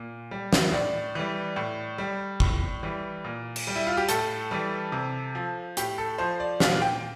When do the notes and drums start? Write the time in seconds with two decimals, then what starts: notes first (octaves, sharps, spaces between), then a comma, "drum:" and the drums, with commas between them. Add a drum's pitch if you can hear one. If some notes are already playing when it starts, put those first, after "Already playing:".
Already playing: A#2
0.31 G3
0.53 drum: snare
0.72 A2 D5
1.15 E3 G3
1.56 A2
1.98 G3
2.40 A2, drum: kick
2.83 E3 G3
3.24 A#2
3.56 drum: cymbal
3.67 G3
3.75 E4
3.87 F4
3.97 G4
4.09 A2 A4, drum: hi-hat
4.51 E3 G3
4.92 C3
5.35 F3
5.77 A2 G4, drum: hi-hat
5.98 A4
6.18 F3 C5
6.40 D5
6.60 A#2 F5, drum: snare
6.82 G5